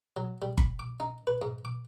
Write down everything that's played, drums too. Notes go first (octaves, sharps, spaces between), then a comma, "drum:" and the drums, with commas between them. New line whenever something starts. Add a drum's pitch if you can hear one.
F#3
G3
B5, drum: kick G1
D6
D#4
B4
G#2
D6